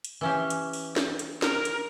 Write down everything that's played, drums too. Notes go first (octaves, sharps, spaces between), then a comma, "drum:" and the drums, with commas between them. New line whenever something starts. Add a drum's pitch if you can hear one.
drum: hi-hat
E3 C#4 G4
drum: hi-hat
drum: open hi-hat
drum: snare
drum: hi-hat
A#4, drum: snare
drum: hi-hat